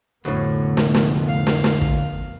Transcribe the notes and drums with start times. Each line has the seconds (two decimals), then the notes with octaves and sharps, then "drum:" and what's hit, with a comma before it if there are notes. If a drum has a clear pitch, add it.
0.25 F1 D2 A2 B3
0.77 drum: snare
0.94 drum: snare
1.28 F5
1.47 drum: snare
1.64 drum: snare
1.81 drum: kick